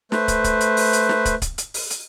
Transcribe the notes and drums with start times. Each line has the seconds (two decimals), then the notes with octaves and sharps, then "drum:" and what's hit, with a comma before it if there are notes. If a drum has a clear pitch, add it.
0.12 A3 B4 C5, drum: snare
0.28 drum: kick, hi-hat
0.44 drum: kick, hi-hat
0.61 drum: hi-hat
0.77 drum: open hi-hat
0.93 drum: hi-hat
1.09 drum: snare
1.25 drum: kick, hi-hat
1.42 drum: kick, hi-hat
1.58 drum: hi-hat
1.74 drum: open hi-hat
1.90 drum: hi-hat